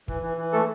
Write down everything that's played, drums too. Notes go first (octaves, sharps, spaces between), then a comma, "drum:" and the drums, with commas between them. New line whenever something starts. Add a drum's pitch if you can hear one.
E3, drum: kick
E3
E3
A3 A4